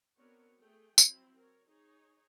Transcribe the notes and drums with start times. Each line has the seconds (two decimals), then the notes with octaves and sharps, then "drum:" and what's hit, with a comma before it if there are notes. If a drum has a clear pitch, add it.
0.17 B3 C4 D4 F#4 A#4 C#5
0.60 A3 G#4 G5
0.98 F#3 C4 E4, drum: tambourine
1.38 A#4 C#5
1.68 D#4 G#4 C#5